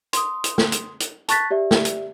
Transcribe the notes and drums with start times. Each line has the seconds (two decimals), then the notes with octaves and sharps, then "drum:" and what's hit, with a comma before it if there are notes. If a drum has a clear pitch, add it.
0.13 C6 D#6, drum: hi-hat
0.44 drum: hi-hat
0.58 drum: snare
0.72 drum: hi-hat
1.00 drum: hi-hat
1.29 A5 C#6 F#6 A6 B6, drum: hi-hat
1.51 G4 D5 E5
1.71 drum: snare
1.85 drum: hi-hat